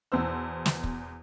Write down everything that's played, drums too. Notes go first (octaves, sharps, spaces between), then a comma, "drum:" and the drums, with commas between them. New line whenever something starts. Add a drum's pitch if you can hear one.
E2 B2 C5 E6
drum: snare
drum: kick